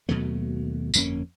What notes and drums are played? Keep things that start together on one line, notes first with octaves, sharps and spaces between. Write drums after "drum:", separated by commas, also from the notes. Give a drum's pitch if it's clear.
D#2 B2 F#3 A3
G1 F2 A#3 C#4, drum: tambourine